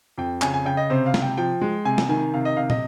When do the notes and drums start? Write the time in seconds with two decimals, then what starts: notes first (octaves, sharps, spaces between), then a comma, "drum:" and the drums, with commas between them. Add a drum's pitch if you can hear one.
0.18 F2 G5
0.42 C#3 G#5, drum: clap
0.54 G#5
0.66 C#3 G5
0.77 D#5
0.90 C3 C5
1.06 F5
1.14 C3, drum: snare
1.22 G5
1.38 F3 G5
1.61 G#3
1.85 C3 G#5
1.98 drum: snare
2.09 D#3 G#5
2.34 C3 F5
2.45 D#5
2.57 C3 F5
2.70 D#5, drum: tom